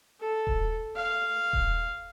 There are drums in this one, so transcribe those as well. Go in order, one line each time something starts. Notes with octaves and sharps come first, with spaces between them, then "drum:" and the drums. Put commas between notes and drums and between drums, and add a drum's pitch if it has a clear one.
A4
drum: kick D#1
F5
drum: kick D#1